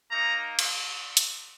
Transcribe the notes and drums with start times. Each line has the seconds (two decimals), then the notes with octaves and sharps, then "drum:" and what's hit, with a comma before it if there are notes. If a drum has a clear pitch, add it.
0.11 A#3 D#4 A#5
0.59 drum: cymbal
1.17 drum: hi-hat